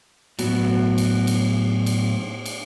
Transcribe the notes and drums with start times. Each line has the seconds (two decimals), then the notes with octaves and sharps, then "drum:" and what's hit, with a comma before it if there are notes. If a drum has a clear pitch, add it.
0.39 A2 F#3 B3 F#4, drum: cymbal
0.98 drum: cymbal
1.27 drum: cymbal
1.86 drum: cymbal
2.46 drum: cymbal